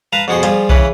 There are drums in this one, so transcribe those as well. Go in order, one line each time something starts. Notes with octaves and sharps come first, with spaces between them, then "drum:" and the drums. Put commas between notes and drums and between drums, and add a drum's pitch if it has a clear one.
B4 F5 A5 A#5
F2 B2 B3 F#4 G#4 C6
F3 G3 F4 G4 G#4, drum: hi-hat
C#3 E3 C#4 B4, drum: kick B1